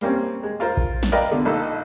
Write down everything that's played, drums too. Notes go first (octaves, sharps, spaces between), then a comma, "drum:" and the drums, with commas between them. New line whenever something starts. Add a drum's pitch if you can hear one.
G3 A#3 C4 C#4, drum: hi-hat
G#3
F4 A#4 C5
drum: kick A#1
drum: snare
A#4 B4 D5 D#5 F5 G5
B2 D3
A#1 D#4 A4